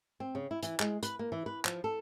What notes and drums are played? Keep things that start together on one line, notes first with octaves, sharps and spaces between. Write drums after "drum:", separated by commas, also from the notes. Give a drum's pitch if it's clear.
C4
C#3
E4
E3, drum: hi-hat
G#3, drum: clap
B4, drum: hi-hat
A#3
E3
B4
F3, drum: clap
A4